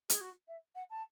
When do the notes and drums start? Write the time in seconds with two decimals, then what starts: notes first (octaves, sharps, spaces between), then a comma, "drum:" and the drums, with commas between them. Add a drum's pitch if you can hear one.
0.10 G#4, drum: hi-hat
0.21 F#4
0.47 E5
0.75 F#5
0.90 A5